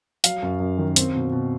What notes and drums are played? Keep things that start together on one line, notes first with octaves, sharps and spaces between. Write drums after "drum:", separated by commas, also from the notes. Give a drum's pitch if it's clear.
F#3 F5, drum: hi-hat
F#2
F#2
D#3
C4, drum: hi-hat
B2
B2